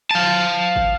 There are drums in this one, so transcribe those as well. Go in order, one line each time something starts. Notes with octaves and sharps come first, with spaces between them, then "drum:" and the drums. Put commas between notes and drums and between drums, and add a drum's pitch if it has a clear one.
F5 A5
drum: kick